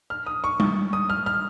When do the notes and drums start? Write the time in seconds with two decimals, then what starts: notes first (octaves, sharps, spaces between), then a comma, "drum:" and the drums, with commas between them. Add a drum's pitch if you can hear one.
0.10 F6
0.27 D#6
0.44 C#6
0.60 C#6, drum: tom G3
0.93 D#6
1.10 F6
1.26 F6